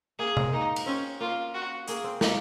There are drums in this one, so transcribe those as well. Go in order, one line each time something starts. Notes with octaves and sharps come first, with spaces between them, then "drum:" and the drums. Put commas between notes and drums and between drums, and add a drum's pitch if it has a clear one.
A#3 G#4
G#3, drum: tom C3
A#3 D#4
drum: cymbal
C4 C#4
A#3 F4
F#4
A#3 G#4, drum: hi-hat
C4
A#3, drum: snare